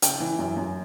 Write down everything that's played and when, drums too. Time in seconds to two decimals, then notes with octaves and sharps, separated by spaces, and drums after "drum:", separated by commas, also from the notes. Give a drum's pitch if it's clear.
0.02 C#3 G5, drum: hi-hat
0.20 E3
0.39 F#2
0.57 F#2